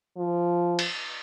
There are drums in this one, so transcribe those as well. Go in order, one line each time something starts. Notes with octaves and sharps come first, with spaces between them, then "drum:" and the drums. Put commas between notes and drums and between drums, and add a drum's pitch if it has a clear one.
F3
drum: cymbal